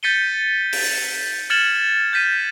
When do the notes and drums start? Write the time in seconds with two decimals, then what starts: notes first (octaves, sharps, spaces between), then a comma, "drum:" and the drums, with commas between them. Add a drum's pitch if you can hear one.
0.03 G6 A6 B6 C#7 D#7 G7
0.73 drum: open hi-hat
1.50 F6 G#6 A6 C#7 E7 F#7
2.13 G6 A6 B6 D#7